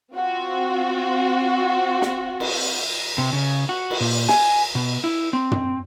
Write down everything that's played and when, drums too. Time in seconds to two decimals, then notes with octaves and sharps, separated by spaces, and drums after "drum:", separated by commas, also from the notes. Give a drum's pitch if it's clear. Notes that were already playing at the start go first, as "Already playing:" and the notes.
0.14 C4 F4 F#4
2.02 drum: snare
2.40 drum: cymbal
3.18 C3
3.33 C#3
3.69 F#4
3.90 drum: cymbal
4.01 A#2
4.29 G#5, drum: snare
4.75 B2
5.04 E4
5.33 C4
5.51 drum: tom